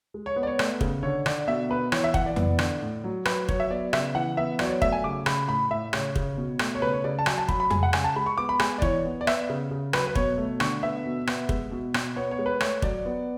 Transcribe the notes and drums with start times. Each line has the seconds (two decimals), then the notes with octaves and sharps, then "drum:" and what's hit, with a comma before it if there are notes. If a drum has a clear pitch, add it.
0.14 G#3
0.26 C#5
0.36 B3
0.43 D5
0.47 C#5
0.59 A3, drum: rim click
0.81 C#3, drum: kick
1.03 D3 C#5
1.26 D3 D5, drum: rim click
1.48 B2 E5
1.70 B3 B4
1.92 E3 C#5, drum: rim click
2.04 E5
2.14 E3 F#5, drum: kick
2.26 D5
2.36 B3, drum: tom F2
2.59 D3, drum: rim click
2.82 A2
3.04 F#3
3.25 F#3 B4, drum: rim click
3.49 F#3 C#5, drum: kick
3.60 E5
3.70 B3 D5
3.93 C#3 E5, drum: rim click
4.15 E3 F#5
4.37 B3 E5
4.59 F#3 D5, drum: rim click
4.65 C#5
4.70 D5
4.82 A3 E5, drum: kick
4.92 G#5
5.04 C#3 D6
5.26 C#3 B5, drum: rim click
5.48 A2 B5
5.70 A2 E5
5.93 C#3 C#5, drum: rim click
6.16 C#3, drum: kick
6.37 B2
6.59 A3, drum: rim click
6.75 C#5
6.82 C#3 B4
6.93 C#5
7.04 C#3 D5
7.19 A5
7.26 F#3 G#5, drum: rim click
7.38 A5
7.49 F#3 B5, drum: kick
7.60 B5
7.70 G#3 G#5, drum: tom F2
7.83 F#5
7.93 C#3 G#5, drum: rim click
8.04 A5
8.16 G#3 B5
8.26 C#6
8.38 B3 D6
8.49 B5
8.59 G#3 G#5, drum: rim click
8.78 D5
8.82 E3 C#5, drum: kick
9.05 B3
9.21 D5
9.27 B3 E5, drum: rim click
9.49 C#3
9.71 C#3
9.93 F#3 B4, drum: rim click
10.07 B4
10.15 B2 C#5, drum: kick
10.38 A3
10.60 D3 C#6, drum: rim click
10.83 B3 E5
11.05 B2
11.27 B3, drum: rim click
11.49 G#3, drum: kick
11.71 B2
11.94 B2, drum: rim click
12.16 B3 C#5
12.31 C#5
12.39 G#3
12.46 B4
12.60 A3 C#5, drum: rim click
12.82 F#3 D5, drum: kick
13.05 B3